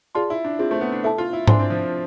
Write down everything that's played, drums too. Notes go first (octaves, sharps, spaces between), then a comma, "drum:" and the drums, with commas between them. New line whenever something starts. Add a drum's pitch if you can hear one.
F4 G#4 D5 A5 C6
E4
D4
C4 F4 G#4 C5
A3
B3
D4
E4 A4 E5 A5
F4
E4
D4 C5 G#5 C6, drum: tom G#2
C4
F3